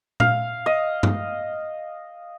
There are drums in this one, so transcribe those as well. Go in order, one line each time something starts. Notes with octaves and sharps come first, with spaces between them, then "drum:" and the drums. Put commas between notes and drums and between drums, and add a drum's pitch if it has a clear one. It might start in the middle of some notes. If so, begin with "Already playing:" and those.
F5, drum: tom A#2
D#5
drum: tom G2